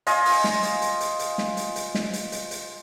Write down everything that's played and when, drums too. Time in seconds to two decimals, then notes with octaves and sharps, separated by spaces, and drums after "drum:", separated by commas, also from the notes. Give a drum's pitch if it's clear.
0.07 F4 D#5 G#5, drum: hi-hat
0.25 drum: open hi-hat
0.44 drum: snare
0.63 drum: hi-hat
0.82 drum: hi-hat
1.01 drum: hi-hat
1.19 drum: hi-hat
1.38 drum: snare
1.57 drum: hi-hat
1.76 drum: hi-hat
1.95 drum: snare
2.13 drum: hi-hat
2.32 drum: hi-hat
2.51 drum: hi-hat